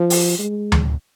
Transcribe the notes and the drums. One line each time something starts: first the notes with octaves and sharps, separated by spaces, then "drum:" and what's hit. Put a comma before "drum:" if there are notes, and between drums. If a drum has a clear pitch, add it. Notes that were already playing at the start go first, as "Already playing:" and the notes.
Already playing: F3
drum: open hi-hat
G#3
drum: tom D2